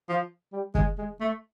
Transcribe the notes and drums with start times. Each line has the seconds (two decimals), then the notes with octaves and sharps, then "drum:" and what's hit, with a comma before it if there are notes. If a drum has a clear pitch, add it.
0.09 F3
0.52 G3
0.75 G#3, drum: kick
0.98 G#3
1.20 A3